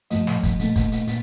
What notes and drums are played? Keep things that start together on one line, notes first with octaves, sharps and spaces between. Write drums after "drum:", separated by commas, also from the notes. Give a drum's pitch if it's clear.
G2 F3 A3 D#5, drum: hi-hat
drum: snare
drum: kick, hi-hat
A#2 A3, drum: hi-hat
drum: kick, hi-hat
drum: hi-hat
A#2, drum: hi-hat